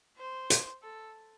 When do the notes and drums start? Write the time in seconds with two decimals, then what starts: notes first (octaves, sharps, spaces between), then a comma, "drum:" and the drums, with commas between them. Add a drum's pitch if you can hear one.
0.17 C5
0.50 drum: hi-hat
0.82 A4